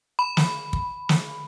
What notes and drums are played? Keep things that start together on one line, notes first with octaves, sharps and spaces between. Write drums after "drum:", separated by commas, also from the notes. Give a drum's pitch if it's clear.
B5
drum: snare
drum: kick
drum: snare